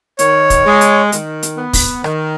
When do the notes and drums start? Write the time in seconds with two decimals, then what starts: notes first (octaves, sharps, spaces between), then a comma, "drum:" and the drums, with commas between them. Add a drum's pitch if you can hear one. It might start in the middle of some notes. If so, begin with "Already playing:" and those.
0.19 D#3 C#5, drum: hi-hat
0.50 drum: kick, hi-hat
0.66 G#3
0.81 drum: hi-hat
1.12 D#3, drum: hi-hat
1.43 drum: hi-hat
1.58 B3
1.73 drum: kick, open hi-hat
2.04 D#3, drum: rim click